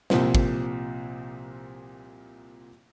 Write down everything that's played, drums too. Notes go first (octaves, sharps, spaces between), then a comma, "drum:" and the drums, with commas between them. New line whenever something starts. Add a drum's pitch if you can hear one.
C2 A#2 F3 C4, drum: snare
drum: kick